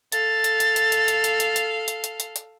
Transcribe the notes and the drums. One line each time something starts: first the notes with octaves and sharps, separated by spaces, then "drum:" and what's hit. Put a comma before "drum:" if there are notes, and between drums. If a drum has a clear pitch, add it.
A4 F5 A6, drum: hi-hat
drum: hi-hat
drum: hi-hat
drum: hi-hat
drum: hi-hat
drum: hi-hat
drum: hi-hat
drum: hi-hat
drum: hi-hat
drum: hi-hat
drum: hi-hat
drum: hi-hat
drum: hi-hat